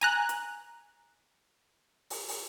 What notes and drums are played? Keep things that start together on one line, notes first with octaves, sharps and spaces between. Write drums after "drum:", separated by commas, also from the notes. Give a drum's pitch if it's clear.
G#5 A#5 F#6, drum: hi-hat
drum: hi-hat
drum: open hi-hat
drum: open hi-hat